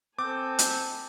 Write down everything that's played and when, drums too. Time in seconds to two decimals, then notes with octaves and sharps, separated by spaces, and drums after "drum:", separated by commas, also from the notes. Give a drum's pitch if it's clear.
0.19 C4 A4 G#5 D6
0.59 drum: hi-hat